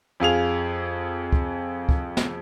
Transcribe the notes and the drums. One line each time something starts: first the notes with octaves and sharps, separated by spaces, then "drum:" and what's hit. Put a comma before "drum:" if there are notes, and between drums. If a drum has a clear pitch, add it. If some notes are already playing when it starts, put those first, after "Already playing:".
F2 F4 G#4 F7
drum: kick
drum: kick
drum: snare